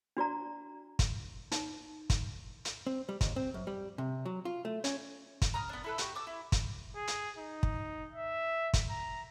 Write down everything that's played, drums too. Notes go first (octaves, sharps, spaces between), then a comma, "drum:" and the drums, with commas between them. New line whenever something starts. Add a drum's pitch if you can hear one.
D4 F#4 D5 A#5
drum: kick, hi-hat
D#4, drum: hi-hat
drum: kick, hi-hat
drum: hi-hat
C4
G3
D#2, drum: kick, hi-hat
C4
F#2
G3
C3
F#3
F4
A3
C#4, drum: hi-hat
drum: kick, hi-hat
A#5 D#6 F6
B3 D4
E4 A4 B4
F#4 G4 C#6, drum: hi-hat
A5 D6 E6
E4
drum: kick, hi-hat
G#4
drum: hi-hat
D#4
drum: kick
E5
drum: kick, hi-hat
A#5